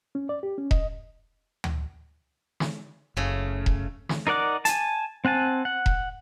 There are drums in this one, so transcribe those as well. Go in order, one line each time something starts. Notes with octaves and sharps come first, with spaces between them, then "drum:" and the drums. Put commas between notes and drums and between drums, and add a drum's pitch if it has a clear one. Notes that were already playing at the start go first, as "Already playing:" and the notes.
C#4
D5
G4
C#4
D#5, drum: kick E1
drum: tom D2
drum: snare
F#1 C#3 A3
drum: kick E1
drum: snare
D#4 A#4 D5 F#5 D6
G#5 A5, drum: hi-hat
C4 F#5 G#5 A5
F#5
drum: kick E1